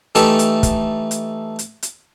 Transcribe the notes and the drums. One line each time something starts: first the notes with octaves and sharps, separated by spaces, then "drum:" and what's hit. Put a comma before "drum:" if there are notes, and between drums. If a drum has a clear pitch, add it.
E3 A3 D#4 G4 A4, drum: hi-hat
drum: hi-hat
drum: kick, hi-hat
drum: hi-hat
drum: hi-hat
drum: hi-hat